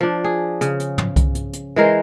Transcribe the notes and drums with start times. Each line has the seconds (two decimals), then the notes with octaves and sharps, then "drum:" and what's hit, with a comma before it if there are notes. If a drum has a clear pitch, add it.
0.01 F3 D4
0.24 G#4
0.61 C#3, drum: hi-hat
0.79 drum: hi-hat
0.98 drum: tom
1.16 drum: kick C2, hi-hat
1.35 drum: hi-hat
1.53 drum: hi-hat
1.76 E3 G#3 A#4 C5